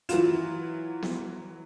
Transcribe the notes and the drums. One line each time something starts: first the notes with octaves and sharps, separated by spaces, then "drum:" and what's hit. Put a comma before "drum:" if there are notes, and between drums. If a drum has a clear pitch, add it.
E3 F#3 F4 E7, drum: hi-hat
drum: snare B3